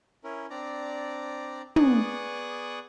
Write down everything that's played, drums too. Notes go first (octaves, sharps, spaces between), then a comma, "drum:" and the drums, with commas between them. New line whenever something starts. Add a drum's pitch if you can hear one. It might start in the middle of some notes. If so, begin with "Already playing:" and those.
C#4 E4 A#4
C4 D4 D5 A#5
B3 G#4 D5 C#6 D#6 F#6, drum: tom